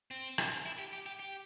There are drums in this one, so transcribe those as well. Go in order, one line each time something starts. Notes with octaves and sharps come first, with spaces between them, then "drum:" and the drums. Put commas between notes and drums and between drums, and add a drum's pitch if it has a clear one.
C4
drum: rim click
E4
G4
G4
G4
G4